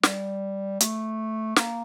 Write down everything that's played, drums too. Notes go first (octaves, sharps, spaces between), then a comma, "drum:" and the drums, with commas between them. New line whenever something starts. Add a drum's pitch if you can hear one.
G3, drum: snare
A3, drum: hi-hat
A#3, drum: snare